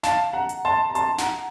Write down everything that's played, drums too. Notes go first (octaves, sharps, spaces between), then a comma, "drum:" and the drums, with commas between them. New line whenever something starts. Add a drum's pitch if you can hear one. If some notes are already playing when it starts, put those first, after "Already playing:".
F5 A5, drum: snare
F#5 A#5
drum: hi-hat
A5 C6
A#5
A5 C6, drum: hi-hat
F#5 A#5, drum: snare